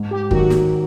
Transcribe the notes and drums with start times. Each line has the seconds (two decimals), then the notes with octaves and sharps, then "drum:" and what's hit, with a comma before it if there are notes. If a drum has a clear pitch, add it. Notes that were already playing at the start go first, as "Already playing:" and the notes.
Already playing: G#2
0.11 G4
0.31 D#3 F#3 F#4, drum: kick
0.50 drum: snare